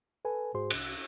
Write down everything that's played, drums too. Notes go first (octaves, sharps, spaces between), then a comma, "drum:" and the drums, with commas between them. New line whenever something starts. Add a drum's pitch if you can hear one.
A4 B4 G#5
G#2 F#4 G#4 C5 C6
C2 F#6, drum: cymbal